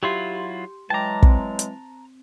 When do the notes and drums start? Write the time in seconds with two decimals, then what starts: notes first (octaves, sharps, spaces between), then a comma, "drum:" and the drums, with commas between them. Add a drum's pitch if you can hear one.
0.03 F#3 E4 F4 G4 C6
0.90 E3 F#3 G#3 G5 A5 A#5 D6
1.22 C4, drum: kick
1.59 drum: hi-hat